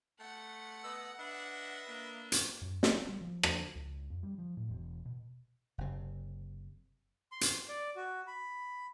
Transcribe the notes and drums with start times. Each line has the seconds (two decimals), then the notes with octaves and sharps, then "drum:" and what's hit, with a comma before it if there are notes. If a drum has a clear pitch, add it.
0.20 A3 F#5
0.84 B3 D#5 E6
1.19 D4 B4 D#5 E5
1.89 A#3 D4
2.32 drum: hi-hat
2.61 F#2
2.83 C4, drum: snare
2.96 B3
3.09 G3
3.21 F3
3.43 drum: rim click
3.75 C#2
4.10 F2
4.23 G3
4.38 F3
4.57 A2
4.68 E1
5.05 B2
5.78 F#1 C3
7.32 C6
7.41 drum: hi-hat
7.69 D5
7.96 F#4
8.27 B5